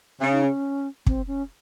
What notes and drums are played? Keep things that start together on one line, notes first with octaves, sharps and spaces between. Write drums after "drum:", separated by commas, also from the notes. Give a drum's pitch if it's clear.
C#3 C#4
D#4
C#4
C4, drum: kick
C#4